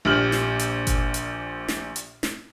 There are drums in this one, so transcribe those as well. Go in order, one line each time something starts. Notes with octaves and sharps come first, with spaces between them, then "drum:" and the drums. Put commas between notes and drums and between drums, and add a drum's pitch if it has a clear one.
A#1 A#2 G4 F6 F#7
drum: snare
drum: hi-hat
drum: kick G1, hi-hat
drum: hi-hat
drum: snare
drum: hi-hat
drum: snare